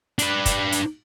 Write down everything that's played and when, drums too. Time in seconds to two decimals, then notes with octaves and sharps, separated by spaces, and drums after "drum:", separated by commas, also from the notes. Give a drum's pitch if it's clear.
0.19 D4 B4, drum: hi-hat
0.46 drum: kick, hi-hat
0.72 drum: hi-hat